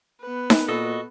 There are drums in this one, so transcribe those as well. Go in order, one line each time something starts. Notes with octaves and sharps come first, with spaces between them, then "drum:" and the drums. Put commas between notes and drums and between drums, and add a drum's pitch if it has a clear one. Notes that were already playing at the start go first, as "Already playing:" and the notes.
B3 B4
drum: snare D#4
A#2 F#4 A4 D#5